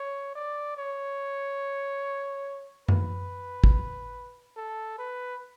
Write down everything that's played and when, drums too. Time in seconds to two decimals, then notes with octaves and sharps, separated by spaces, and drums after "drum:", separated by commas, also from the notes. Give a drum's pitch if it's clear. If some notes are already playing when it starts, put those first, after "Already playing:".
Already playing: C#5
0.35 D5
0.77 C#5
2.88 B4, drum: tom F#2
3.64 drum: kick
4.56 A4
4.98 B4